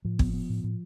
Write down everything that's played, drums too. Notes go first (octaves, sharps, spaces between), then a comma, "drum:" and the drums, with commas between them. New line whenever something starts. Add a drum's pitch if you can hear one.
A2 F3
B3, drum: kick
B3
A2
A2